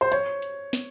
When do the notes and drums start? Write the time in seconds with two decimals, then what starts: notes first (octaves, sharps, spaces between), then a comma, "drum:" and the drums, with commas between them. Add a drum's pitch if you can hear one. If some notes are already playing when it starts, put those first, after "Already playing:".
0.01 C5
0.12 C#5, drum: hi-hat
0.42 drum: hi-hat
0.73 drum: snare